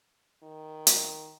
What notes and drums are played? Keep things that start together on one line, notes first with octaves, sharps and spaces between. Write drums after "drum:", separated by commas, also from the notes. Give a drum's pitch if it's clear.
D#3
drum: hi-hat